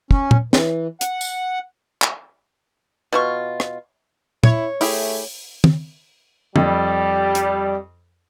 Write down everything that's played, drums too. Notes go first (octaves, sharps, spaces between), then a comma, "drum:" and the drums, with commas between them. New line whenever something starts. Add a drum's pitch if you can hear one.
C#4, drum: kick
drum: tom
E3, drum: snare
F#5, drum: hi-hat
drum: tambourine
drum: clap
B2 F4 C#6
drum: rim click
E4 C#5, drum: tom
A3 E4 G4 G#4, drum: open hi-hat
drum: tom
F2 G3, drum: tom
drum: hi-hat